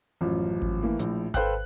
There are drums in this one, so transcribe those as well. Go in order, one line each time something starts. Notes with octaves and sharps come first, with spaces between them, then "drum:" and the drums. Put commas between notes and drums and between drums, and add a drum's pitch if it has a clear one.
A1 F#2 F3
drum: kick G#1
E3 A3 A#3
A#1 A2, drum: hi-hat
A4 B4 C5 F5 G5 F#6, drum: kick G#1, hi-hat